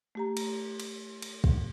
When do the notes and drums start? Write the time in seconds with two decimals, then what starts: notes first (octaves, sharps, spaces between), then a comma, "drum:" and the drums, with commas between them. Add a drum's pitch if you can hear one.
0.15 A3 G4 A#5
0.37 drum: cymbal
0.80 drum: cymbal
1.22 drum: cymbal
1.44 drum: kick